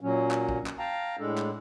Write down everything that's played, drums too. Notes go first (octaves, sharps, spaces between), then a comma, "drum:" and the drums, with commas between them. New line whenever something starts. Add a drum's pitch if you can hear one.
A#2 F#3 C#4
drum: clap
drum: kick
drum: clap
F5 G5 A5 A#5
A2 G#3 D4 A4
drum: clap